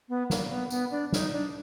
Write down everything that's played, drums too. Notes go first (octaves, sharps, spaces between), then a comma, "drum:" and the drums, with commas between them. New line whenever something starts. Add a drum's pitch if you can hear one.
B3
A#3, drum: snare
B3
B3, drum: tambourine
D4
D#4, drum: snare
D4